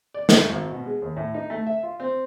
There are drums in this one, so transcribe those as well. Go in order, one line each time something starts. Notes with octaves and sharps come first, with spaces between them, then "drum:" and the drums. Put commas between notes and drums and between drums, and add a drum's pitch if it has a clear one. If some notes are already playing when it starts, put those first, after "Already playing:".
D5
D#4, drum: snare
G#1
B2
G#3
D#2
A2
D#4
A3
E5
F4
C4